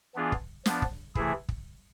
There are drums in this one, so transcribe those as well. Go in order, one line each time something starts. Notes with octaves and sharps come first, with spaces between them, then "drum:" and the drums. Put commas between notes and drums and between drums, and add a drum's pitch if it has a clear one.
E3 B3 D4 F4 G#4
drum: kick
F3 B3 D4, drum: snare
drum: kick
C3 E3 A3 E4 G#4, drum: kick
drum: kick